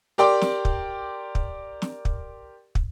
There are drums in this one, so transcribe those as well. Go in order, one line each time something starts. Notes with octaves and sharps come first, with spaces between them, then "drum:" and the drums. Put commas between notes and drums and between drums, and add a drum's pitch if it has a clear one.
G4 A#4 D5 G5 C6 D6
drum: snare
drum: kick
drum: kick
drum: snare
drum: kick
drum: kick